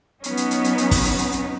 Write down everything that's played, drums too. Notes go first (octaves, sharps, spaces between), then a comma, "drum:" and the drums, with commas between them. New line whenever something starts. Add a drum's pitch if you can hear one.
F#3 B3 C#4 D#4, drum: hi-hat
drum: hi-hat
drum: hi-hat
drum: hi-hat
drum: hi-hat
drum: kick, open hi-hat
drum: hi-hat
drum: hi-hat
drum: hi-hat